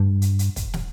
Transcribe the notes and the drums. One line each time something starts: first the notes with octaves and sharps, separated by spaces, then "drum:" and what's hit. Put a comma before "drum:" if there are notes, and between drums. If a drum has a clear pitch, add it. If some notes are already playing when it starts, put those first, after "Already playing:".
Already playing: G2
drum: hi-hat
drum: hi-hat
drum: kick, hi-hat
drum: snare